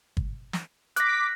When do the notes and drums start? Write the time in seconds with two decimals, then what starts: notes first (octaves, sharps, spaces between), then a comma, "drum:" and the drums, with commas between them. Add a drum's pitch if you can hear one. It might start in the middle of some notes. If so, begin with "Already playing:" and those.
0.17 drum: kick G1
0.53 drum: snare
0.96 D6 F#6 A#6 B6, drum: hi-hat